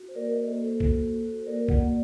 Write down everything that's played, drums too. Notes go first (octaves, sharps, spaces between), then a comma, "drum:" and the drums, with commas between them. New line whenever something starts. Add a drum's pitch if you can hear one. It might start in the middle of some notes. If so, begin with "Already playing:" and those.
Already playing: F#4
C5
A#3 A#4 D5
C5 D#5
A#3 A4 C5
A4 C5
F#4, drum: kick
F#4
A#3 A#4 D5
D5 F#5, drum: kick
A#3